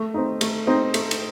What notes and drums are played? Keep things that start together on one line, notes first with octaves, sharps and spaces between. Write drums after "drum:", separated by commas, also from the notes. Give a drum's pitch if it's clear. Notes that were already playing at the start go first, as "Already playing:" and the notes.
Already playing: A3
C4 D#4
A3, drum: cymbal
C4 D#4
A3, drum: cymbal
drum: cymbal